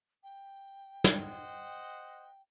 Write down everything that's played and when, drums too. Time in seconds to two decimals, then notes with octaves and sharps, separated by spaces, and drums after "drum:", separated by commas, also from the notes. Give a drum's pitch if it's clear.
0.23 G5
1.04 drum: snare
1.16 C5 D#5 F#5